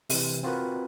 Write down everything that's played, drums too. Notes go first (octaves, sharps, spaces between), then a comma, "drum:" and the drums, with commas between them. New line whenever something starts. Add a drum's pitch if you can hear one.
C3 E3, drum: open hi-hat
C4 F4 F#4 A#4 B4